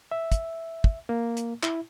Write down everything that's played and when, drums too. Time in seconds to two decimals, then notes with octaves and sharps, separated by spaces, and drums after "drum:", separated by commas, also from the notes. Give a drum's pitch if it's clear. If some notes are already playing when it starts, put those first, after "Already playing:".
0.11 E5
0.32 drum: kick, hi-hat
0.84 drum: kick
1.09 A#3
1.37 drum: hi-hat
1.63 E4, drum: clap